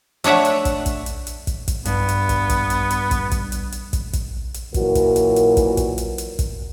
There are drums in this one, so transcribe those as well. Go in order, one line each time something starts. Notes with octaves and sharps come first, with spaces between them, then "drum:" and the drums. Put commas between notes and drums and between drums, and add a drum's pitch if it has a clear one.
A3 D4 C#5 E5 F#5, drum: hi-hat
drum: hi-hat
drum: kick, hi-hat
drum: kick, hi-hat
drum: hi-hat
drum: hi-hat
drum: kick, hi-hat
drum: kick, hi-hat
G2 B3, drum: hi-hat
drum: hi-hat
drum: kick, hi-hat
drum: kick, hi-hat
drum: hi-hat
drum: hi-hat
drum: kick, hi-hat
drum: kick, hi-hat
drum: hi-hat
drum: hi-hat
drum: kick, hi-hat
drum: kick, hi-hat
drum: hi-hat
A#2 E3 F#3 F#4 A#4, drum: kick, hi-hat
drum: kick, hi-hat
drum: hi-hat
drum: hi-hat
drum: kick, hi-hat
drum: kick, hi-hat
drum: hi-hat
drum: hi-hat
drum: kick, hi-hat